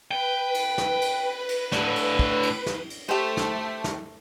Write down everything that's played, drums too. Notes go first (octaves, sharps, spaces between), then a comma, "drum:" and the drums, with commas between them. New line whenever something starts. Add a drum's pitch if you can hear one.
B4 G5
drum: cymbal
drum: snare
drum: cymbal
drum: cymbal
A2 D3, drum: snare
drum: cymbal
drum: kick
drum: cymbal
drum: snare
drum: cymbal
A3 G4 C5
drum: snare
drum: snare